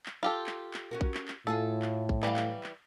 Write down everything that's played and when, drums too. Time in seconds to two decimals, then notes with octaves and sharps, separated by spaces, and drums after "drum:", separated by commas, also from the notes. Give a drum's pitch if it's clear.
0.06 drum: clap
0.23 F4 G4 A4
0.47 drum: clap
0.74 drum: clap
0.91 C#4 F#4 A#4
1.01 drum: kick A#1
1.14 drum: clap
1.28 drum: clap
1.47 A2 A3 F4 G#4 A4
1.82 drum: clap
2.09 drum: kick A#1
2.23 E3 F#3 G3 F5, drum: clap
2.36 drum: clap
2.64 drum: clap